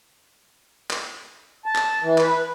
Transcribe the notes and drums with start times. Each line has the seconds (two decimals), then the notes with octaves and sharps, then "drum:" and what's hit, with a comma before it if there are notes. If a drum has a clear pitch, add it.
0.90 drum: clap
1.66 A5
1.75 drum: clap
2.02 E3
2.18 B4, drum: clap